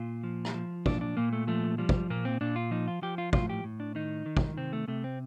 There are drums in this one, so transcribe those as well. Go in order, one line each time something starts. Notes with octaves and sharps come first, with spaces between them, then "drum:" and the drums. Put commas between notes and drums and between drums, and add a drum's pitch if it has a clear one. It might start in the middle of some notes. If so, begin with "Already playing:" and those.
Already playing: A#2 F4
F3
drum: rim click
F3
A#2 D4, drum: kick
D4
A#2 A#3
A3
F3 A3
F3 G3
drum: kick
A#2 A#3
C4
A#2 D4
F4
F3 D#4
F4
F3 G4
F4
A2 F4, drum: kick
G4
A2
D4
D#3 D#4
D#3
drum: kick
C3 C4
A3
C3 A3
C4